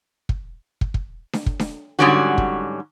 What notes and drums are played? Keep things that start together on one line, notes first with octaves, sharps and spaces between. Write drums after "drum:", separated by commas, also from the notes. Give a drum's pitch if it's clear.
drum: kick
drum: kick
drum: kick
drum: snare D4
drum: kick
drum: snare D4
G#2 D3 F#3 G3 C#4 F#4
drum: kick